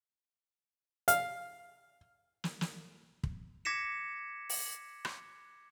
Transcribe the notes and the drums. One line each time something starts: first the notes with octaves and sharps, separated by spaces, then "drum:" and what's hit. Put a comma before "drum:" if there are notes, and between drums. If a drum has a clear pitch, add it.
F5, drum: hi-hat
drum: snare
drum: snare
drum: kick
D6 G#6 A#6 B6 C#7 E7
drum: open hi-hat
drum: rim click